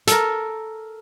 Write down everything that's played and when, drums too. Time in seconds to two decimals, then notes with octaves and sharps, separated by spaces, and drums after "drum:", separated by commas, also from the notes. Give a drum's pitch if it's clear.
0.07 A4 A#4, drum: hi-hat